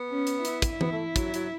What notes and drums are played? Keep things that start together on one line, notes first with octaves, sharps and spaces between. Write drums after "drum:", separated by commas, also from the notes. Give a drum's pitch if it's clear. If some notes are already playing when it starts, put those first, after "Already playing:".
Already playing: B3
C#4
drum: hi-hat
E4, drum: hi-hat
drum: kick, hi-hat
B3, drum: tom E3
A3
F#3, drum: kick, hi-hat
F#3, drum: hi-hat